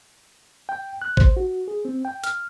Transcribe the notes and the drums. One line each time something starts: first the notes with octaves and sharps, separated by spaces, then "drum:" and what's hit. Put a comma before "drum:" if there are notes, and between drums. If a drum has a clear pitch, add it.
G5
F#6
C5, drum: kick A1
F#4
G#4
C4
G5
F6, drum: hi-hat